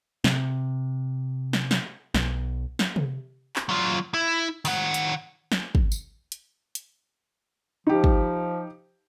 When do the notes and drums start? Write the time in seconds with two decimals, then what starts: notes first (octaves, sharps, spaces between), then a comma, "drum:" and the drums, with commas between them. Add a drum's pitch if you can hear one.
0.24 C3, drum: snare
1.53 drum: snare
1.71 drum: snare
2.14 B1, drum: snare
2.79 drum: snare
2.96 drum: tom C3
3.56 drum: clap
3.69 F#3 F4
4.14 E4
4.65 D#3 F#5, drum: open hi-hat
4.94 drum: hi-hat
5.52 drum: snare
5.75 drum: kick
5.92 drum: tambourine
6.32 drum: hi-hat
6.75 drum: hi-hat
7.87 F3 D#4 G4
8.04 drum: kick